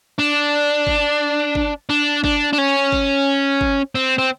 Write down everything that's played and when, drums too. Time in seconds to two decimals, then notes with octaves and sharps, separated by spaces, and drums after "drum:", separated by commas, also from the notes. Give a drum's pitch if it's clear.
0.18 D4
0.87 drum: kick G1
1.55 drum: kick G1
1.89 D4
2.24 D4, drum: kick G1
2.53 D4
2.58 C#4
2.92 drum: kick G1
3.61 drum: kick G1
3.95 C4
4.18 C4